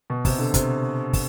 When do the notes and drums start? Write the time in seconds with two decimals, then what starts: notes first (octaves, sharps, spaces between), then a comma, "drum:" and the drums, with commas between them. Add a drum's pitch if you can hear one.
0.10 B2
0.25 C3, drum: kick, open hi-hat
0.38 D3
0.54 C3, drum: kick, hi-hat
1.13 drum: kick, open hi-hat